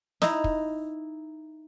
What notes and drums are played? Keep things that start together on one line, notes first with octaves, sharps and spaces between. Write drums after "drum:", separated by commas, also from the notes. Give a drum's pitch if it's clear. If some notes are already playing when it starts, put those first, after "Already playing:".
D#4 E4, drum: snare
drum: kick